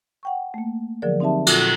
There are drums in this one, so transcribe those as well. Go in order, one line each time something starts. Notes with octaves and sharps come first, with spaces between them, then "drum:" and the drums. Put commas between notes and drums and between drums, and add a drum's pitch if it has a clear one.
F#5 G5 C#6
A3 A#3
D3 F3 F#3 G#4 A#4 D5
C4 D#4 G4 E5 A5
A#2 F4 F#4 A4, drum: cymbal